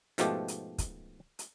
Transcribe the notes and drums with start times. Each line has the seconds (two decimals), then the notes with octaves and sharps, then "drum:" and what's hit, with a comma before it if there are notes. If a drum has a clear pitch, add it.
0.18 G#2 B2 F3 A3 G4, drum: hi-hat
0.48 drum: hi-hat
0.78 drum: kick, hi-hat
1.39 drum: hi-hat